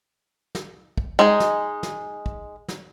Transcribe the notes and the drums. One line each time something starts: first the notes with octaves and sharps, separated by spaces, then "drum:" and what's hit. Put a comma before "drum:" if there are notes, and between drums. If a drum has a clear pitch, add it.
drum: snare
drum: kick
G#3 D#4 G#4
drum: snare
drum: snare
drum: kick
drum: snare